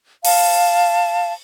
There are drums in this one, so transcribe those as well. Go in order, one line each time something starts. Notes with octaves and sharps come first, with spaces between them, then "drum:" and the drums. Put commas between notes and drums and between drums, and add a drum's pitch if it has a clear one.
F5 A5, drum: open hi-hat